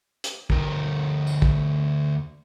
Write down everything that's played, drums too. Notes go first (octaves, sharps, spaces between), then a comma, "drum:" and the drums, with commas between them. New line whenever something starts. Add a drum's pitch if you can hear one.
drum: hi-hat
D2 A#4, drum: kick
drum: tambourine
drum: kick